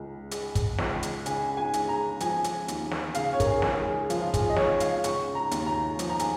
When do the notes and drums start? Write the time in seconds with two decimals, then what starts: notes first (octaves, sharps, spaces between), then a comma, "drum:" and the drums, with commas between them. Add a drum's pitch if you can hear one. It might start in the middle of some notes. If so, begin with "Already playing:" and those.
Already playing: C#2
0.31 G#3, drum: hi-hat
0.55 drum: kick, hi-hat
0.78 C#2, drum: snare
1.03 drum: hi-hat
1.26 C#3 G#5, drum: hi-hat
1.57 G#5
1.73 G#3, drum: hi-hat
1.89 A#5
2.20 F3 G#5, drum: hi-hat
2.44 drum: hi-hat
2.68 D#2, drum: hi-hat
2.91 drum: snare
3.15 C#3 F5, drum: hi-hat
3.33 C#5
3.40 A#4, drum: kick, hi-hat
3.46 G#4
3.62 C#2, drum: snare
3.78 G#4
4.10 F3 F4, drum: hi-hat
4.21 F4
4.34 G#4, drum: kick, hi-hat
4.50 D#5
4.56 C#2 C#5, drum: snare
4.80 F5, drum: hi-hat
5.04 C#3 C#6, drum: hi-hat
5.35 A#5
5.51 D#2, drum: hi-hat
5.66 A#5
5.99 F3, drum: hi-hat
6.10 A#5
6.19 G#5, drum: hi-hat